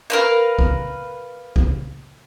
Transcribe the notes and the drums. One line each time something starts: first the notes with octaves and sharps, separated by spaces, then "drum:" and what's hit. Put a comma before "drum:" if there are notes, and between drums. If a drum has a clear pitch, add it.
A#4 B4 F5
drum: kick
drum: kick